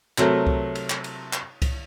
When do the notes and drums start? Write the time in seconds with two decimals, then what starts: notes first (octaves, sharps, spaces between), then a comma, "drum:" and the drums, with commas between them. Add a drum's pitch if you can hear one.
0.18 C3 F#3 A3 A#4, drum: clap
0.47 drum: kick C2
0.75 drum: cymbal
0.90 drum: clap
1.04 drum: cymbal
1.33 drum: clap
1.62 drum: kick C2, cymbal